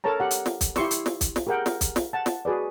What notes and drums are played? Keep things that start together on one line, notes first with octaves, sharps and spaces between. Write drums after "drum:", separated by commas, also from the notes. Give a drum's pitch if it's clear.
A4 A#4 C#5 A5 A#5
G4 F#5
drum: hi-hat
drum: snare
drum: kick B1, hi-hat
E4 G4 C6 C#6 E6, drum: snare
drum: hi-hat
drum: snare
drum: kick B1, hi-hat
drum: snare
G4 G#4 A#4 F#5 G5
drum: snare
drum: kick B1, hi-hat
drum: snare
F#5 A5
drum: snare
F#4 G#4 B4 D5